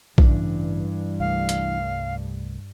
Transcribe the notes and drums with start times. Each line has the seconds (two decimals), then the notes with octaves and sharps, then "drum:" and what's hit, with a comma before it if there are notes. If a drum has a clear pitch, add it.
0.18 A1 G2 C#3 E3 D4, drum: kick A#1
1.20 C2 A3 F5
1.49 drum: hi-hat